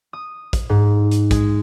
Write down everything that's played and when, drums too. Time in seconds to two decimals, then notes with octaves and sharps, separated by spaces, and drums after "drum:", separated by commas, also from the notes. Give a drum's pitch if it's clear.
0.13 D#6
0.53 drum: kick, hi-hat
0.69 G#2
1.11 drum: hi-hat
1.31 G#3, drum: kick, hi-hat